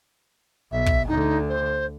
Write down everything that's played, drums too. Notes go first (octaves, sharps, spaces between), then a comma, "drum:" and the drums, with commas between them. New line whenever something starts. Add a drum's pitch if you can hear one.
B1 E5
drum: kick
D2 D3 D#4
C5